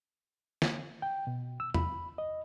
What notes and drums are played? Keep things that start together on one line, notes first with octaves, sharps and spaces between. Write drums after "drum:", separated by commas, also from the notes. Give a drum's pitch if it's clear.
drum: snare
G5
B2
E6
B5, drum: tom E2
D#5